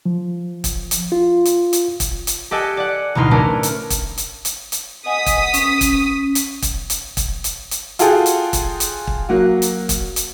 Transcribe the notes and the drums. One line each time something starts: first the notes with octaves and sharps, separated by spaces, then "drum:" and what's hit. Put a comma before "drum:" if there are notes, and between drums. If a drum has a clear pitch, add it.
F3
drum: kick, hi-hat
drum: hi-hat
F4
drum: hi-hat
drum: hi-hat
drum: kick, hi-hat
drum: hi-hat
G4 A4 D#5 F#5 G#5
D5 F#5
A1 D2 B2 D#4 C6 F6
A3 C#4 D4 A#4
drum: hi-hat
drum: kick, hi-hat
drum: hi-hat
drum: hi-hat
drum: hi-hat
D#5 F#5 G#5 D#6 B6
drum: kick, hi-hat
C#4, drum: hi-hat
drum: kick, hi-hat
drum: hi-hat
drum: kick, hi-hat
drum: hi-hat
drum: kick, hi-hat
drum: hi-hat
drum: hi-hat
F4 F#4 G#4 A4 G5 G#5, drum: hi-hat
drum: hi-hat
drum: kick, hi-hat
drum: hi-hat
drum: kick
F#3 A#3 F#4
drum: hi-hat
drum: kick, hi-hat
drum: hi-hat